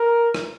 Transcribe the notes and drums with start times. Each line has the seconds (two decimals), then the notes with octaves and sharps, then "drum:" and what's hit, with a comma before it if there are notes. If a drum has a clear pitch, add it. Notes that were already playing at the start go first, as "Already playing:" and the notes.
Already playing: A#4
0.34 drum: rim click